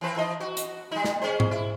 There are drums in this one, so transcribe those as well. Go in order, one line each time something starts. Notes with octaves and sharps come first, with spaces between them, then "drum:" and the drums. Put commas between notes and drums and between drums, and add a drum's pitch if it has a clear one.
E3 C4 B4
E3 D#4 D#5
F#4
drum: hi-hat
G3 D#4
drum: snare
C#4 G#4 C5
drum: tom G#2
E4